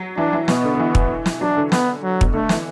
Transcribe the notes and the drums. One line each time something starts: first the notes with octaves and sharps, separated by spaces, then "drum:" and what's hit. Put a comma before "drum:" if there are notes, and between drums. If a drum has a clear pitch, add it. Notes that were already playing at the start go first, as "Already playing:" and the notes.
Already playing: F#3
E3 D4
E3
B2 B3, drum: snare
D3
D3
E3
drum: kick
drum: snare
F#3 D4
D3
B3, drum: snare
F#3
B2, drum: kick
D3 A3
E3, drum: snare